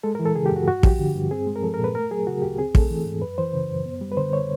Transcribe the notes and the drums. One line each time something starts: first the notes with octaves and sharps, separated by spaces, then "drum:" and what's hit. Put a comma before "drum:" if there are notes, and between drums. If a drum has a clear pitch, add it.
G#3 A4
A#4
E3
A4
C#3 G#4
G4
F#2
F#4
G2 F#4
F3 G4, drum: kick
D3
G2
C4 G#4
G#3
A#4
F3 A4
A#4
A#2 B4
A3 A#4
F#3 G#4
C#3 F#4
D2 G4
C4 G#4
A3 A4, drum: kick
E3
G#2
F#2 B4
E3 C5
C#3
F#2
B3
G3
B4
D3 C5
C#5